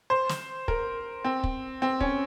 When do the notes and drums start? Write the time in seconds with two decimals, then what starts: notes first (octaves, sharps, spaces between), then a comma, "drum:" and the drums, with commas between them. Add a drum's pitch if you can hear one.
0.10 C5
0.29 drum: snare
0.68 A#4, drum: kick
1.24 C4
1.44 drum: kick
1.82 C4
2.00 C#4, drum: kick